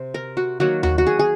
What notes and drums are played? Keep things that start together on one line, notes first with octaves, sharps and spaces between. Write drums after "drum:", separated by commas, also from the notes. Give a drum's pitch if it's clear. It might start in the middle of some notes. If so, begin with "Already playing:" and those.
Already playing: C3 C5
A#4
F#4
D#3 F#3 A#3 F#4
F#4, drum: tom D#2
F#4
G#4
G#4